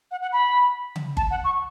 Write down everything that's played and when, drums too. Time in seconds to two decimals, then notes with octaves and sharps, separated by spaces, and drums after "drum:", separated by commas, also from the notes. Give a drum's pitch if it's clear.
0.11 F#5
0.22 F#5
0.33 B5
0.96 drum: tom C#3
1.17 A5, drum: kick G1
1.31 F#5
1.44 C#6